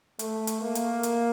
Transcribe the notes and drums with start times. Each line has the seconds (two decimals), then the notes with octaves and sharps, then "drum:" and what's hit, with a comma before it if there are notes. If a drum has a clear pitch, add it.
0.19 A3, drum: hi-hat
0.47 drum: hi-hat
0.61 A#3
0.75 drum: hi-hat
1.03 drum: hi-hat